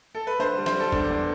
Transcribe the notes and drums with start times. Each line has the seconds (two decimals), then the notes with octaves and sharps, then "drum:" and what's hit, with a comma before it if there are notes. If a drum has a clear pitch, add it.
0.15 A4
0.27 B4
0.39 D3 C5
0.58 G3
0.66 C5, drum: snare
0.75 G3 A4
0.92 E2 D4, drum: kick
1.10 E2